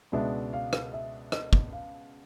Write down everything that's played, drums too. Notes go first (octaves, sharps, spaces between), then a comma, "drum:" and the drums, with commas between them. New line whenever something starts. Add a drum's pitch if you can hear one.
C#2 B2 G#3 B3 D4 E5
F5
drum: rim click
E5
D#5, drum: rim click
drum: kick
F5